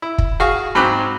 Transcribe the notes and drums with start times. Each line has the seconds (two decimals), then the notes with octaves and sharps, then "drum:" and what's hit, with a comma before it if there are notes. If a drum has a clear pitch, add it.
0.02 E4
0.18 drum: kick
0.40 F#4 G#4 F5 C#6
0.75 G#2 F#3 C4 B5 D6 F#6